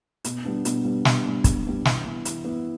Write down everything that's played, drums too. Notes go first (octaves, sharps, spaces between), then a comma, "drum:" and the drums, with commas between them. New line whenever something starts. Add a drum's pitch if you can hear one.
B2, drum: hi-hat
G3 B3 D4
B2, drum: hi-hat
G3 B3 D4
B2, drum: snare
G3 B3 D4
B2, drum: kick, hi-hat
G3 B3 D4
E3, drum: snare
B3 E4
E3, drum: hi-hat
B3 E4